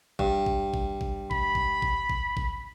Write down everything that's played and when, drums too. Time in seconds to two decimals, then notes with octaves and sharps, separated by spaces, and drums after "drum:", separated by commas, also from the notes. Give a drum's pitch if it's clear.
0.19 G2, drum: kick A1
0.46 drum: kick A1
0.74 drum: kick A1
1.01 drum: kick A1
1.31 B5, drum: kick A1
1.55 drum: kick A1
1.82 drum: kick A1
2.10 drum: kick A1
2.37 drum: kick A1